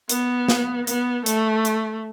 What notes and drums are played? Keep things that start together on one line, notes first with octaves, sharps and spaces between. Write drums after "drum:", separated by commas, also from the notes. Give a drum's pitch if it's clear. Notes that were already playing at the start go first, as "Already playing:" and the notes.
B3, drum: hi-hat
drum: snare
B3, drum: hi-hat
A3, drum: hi-hat
drum: hi-hat